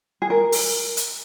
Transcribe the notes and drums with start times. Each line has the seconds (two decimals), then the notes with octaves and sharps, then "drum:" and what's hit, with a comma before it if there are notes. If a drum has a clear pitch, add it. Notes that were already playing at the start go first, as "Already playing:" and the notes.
0.22 G#4
0.30 A#4
0.52 drum: open hi-hat
0.97 drum: hi-hat